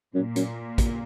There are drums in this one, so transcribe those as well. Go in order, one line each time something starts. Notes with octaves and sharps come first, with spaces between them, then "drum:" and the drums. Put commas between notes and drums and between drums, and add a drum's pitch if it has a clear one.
F#2 A#2
F#2, drum: hi-hat
drum: kick, hi-hat